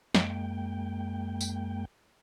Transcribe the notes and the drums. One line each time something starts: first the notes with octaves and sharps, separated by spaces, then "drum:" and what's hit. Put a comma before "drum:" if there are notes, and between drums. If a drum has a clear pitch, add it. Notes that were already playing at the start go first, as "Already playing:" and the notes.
F#2 G#3 A#3 G5, drum: snare
drum: tambourine